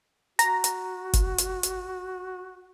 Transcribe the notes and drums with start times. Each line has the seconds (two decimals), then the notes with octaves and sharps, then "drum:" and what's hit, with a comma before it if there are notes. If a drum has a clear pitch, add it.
0.39 F#4 A#5, drum: hi-hat
0.64 drum: hi-hat
1.13 drum: kick F#1, hi-hat
1.38 drum: hi-hat
1.63 drum: hi-hat